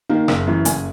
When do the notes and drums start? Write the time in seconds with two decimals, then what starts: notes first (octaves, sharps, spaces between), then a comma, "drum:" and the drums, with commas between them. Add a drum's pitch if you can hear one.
0.10 D#3 A#3
0.28 F#1, drum: rim click
0.47 F#2 E3
0.65 F#1 G#5, drum: hi-hat